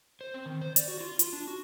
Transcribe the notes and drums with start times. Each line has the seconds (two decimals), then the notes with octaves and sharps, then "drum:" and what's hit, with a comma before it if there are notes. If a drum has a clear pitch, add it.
0.21 C5
0.34 C4
0.46 D#3
0.62 C5
0.76 D5, drum: hi-hat
0.88 F#4
1.01 F4
1.19 F4, drum: hi-hat
1.33 D4
1.48 F#4